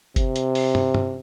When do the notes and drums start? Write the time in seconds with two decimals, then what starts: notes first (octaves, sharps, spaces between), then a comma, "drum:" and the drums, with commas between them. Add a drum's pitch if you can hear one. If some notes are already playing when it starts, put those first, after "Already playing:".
0.16 C3, drum: kick F#1, hi-hat
0.36 drum: hi-hat
0.55 drum: open hi-hat
0.75 drum: tom
0.95 drum: tom G2